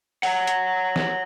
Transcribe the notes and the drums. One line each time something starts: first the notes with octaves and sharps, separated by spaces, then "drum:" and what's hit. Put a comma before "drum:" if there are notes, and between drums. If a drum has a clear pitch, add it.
C#5 F#5, drum: open hi-hat
drum: hi-hat
drum: snare